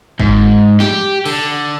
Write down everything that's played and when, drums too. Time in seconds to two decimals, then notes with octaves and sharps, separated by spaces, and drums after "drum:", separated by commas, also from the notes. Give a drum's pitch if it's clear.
0.20 G#2, drum: kick
0.80 G4, drum: snare
1.26 D3, drum: cymbal